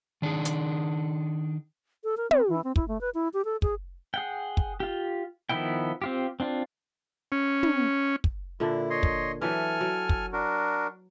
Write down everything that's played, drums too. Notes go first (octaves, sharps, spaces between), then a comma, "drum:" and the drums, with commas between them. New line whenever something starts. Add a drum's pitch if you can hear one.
D#3 D4 D#4 G#4
drum: hi-hat
A4
A#4
C4, drum: tom
E3
C4
E4, drum: kick
A3
B4
E4
G4
A4
G#4, drum: kick
G#4 F#5 G5
drum: kick
F4 G4
D#3 F3 B3 E4 G5
C4 F4 G4
C4 D4 F4
C#4
drum: tom
drum: kick
A#2 D3 D4 E4
C#5 D#5 C6
drum: kick
E3 F#3 A4 B4 G#5 F6
F#3
drum: kick
D4 F#4 A#4